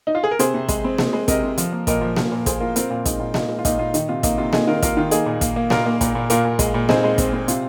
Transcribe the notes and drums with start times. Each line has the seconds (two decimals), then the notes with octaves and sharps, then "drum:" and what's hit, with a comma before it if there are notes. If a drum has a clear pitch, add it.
0.07 D#4
0.15 F4
0.24 G#4
0.31 A#4
0.39 C3 G#4 C5, drum: hi-hat
0.54 C3
0.68 G#3, drum: kick, hi-hat
0.84 C4
0.98 G#3, drum: snare A#3
1.13 G#3
1.28 C3 A#4 D#5, drum: kick, hi-hat
1.43 C3
1.58 F3, drum: hi-hat
1.72 A#3
1.87 A#2 A#4 D#5, drum: kick, hi-hat
2.01 F3
2.17 A#2, drum: snare A#3
2.32 A#2
2.46 A#2 G#4 C5, drum: kick, hi-hat
2.60 A#3 F4 A#4
2.76 C4 F4 A#4, drum: hi-hat
2.90 A#2 F4
3.05 G#3 D#4, drum: kick, hi-hat
3.19 A#2 F4
3.34 A#2 D#4, drum: snare A#3
3.49 G#3
3.59 F4
3.65 A#2 D#4, drum: kick, hi-hat
3.79 A#2 F4
3.94 D#3 D#4, drum: hi-hat
4.09 C3 F4
4.23 A#3 D#4, drum: kick, hi-hat
4.38 C3 F4
4.53 C3 D#4 G#4, drum: snare A#3
4.67 D#3 F4 A#4
4.82 A#3 F4 A#4, drum: kick, hi-hat
4.97 D#3 F4
5.11 A#3 D#4 G#4, drum: hi-hat
5.26 A#2
5.41 A#3, drum: kick, hi-hat
5.56 A#3
5.70 A#2 F4 A#4, drum: snare A#3
5.86 A#3
6.01 A#2, drum: kick, hi-hat
6.15 A#2
6.30 A#2 F4 A#4, drum: hi-hat
6.45 A#2
6.59 G#3, drum: kick, hi-hat
6.74 A#2
6.89 C4 D#4 G#4, drum: snare A#3
7.04 G#3
7.18 C4, drum: kick, hi-hat
7.33 C4
7.48 C3 F4, drum: hi-hat